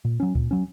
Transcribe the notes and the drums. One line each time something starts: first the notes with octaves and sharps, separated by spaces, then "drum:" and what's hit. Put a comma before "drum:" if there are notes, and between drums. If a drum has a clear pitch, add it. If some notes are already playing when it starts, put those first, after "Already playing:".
A#2
F#3 C#4
A#2, drum: kick C#2
F#3 C#4